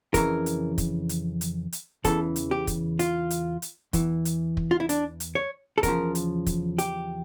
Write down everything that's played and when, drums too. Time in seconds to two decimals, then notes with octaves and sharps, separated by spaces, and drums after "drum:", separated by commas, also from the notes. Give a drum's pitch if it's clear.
0.14 F2 C#3 E3 A#4, drum: kick, hi-hat
0.46 drum: hi-hat
0.78 drum: kick, hi-hat
1.09 drum: hi-hat
1.41 drum: hi-hat
1.72 drum: hi-hat
2.04 E2 C#3 E3 A4, drum: kick, hi-hat
2.36 drum: hi-hat
2.51 G4
2.67 drum: kick, hi-hat
2.99 F4, drum: hi-hat
3.30 drum: hi-hat
3.62 drum: hi-hat
3.93 E2 E3, drum: kick, hi-hat
4.25 drum: hi-hat
4.57 drum: kick
4.71 F4
4.80 E4
4.89 D4, drum: hi-hat
5.20 drum: hi-hat
5.35 C#5
5.78 A4
5.83 E2 C#3 F3 A#4, drum: kick, hi-hat
6.15 drum: hi-hat
6.46 drum: kick, hi-hat
6.78 G4, drum: hi-hat